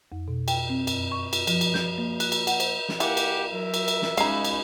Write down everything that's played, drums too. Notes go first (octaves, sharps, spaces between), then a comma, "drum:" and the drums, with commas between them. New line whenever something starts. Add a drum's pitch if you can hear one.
F2
B2
G5, drum: cymbal
C4
F#2, drum: cymbal
C#6
drum: cymbal
F3, drum: cymbal
drum: cymbal
G6, drum: snare
A#3
F#6, drum: cymbal
drum: cymbal
F#5, drum: cymbal
C5, drum: cymbal
drum: snare
E3 A#3 G4 F#5, drum: cymbal
drum: cymbal
F#3 A#4 E5
drum: cymbal
drum: cymbal
drum: snare
G#3 C#4 D#4 F5 A#5 B5, drum: cymbal
drum: cymbal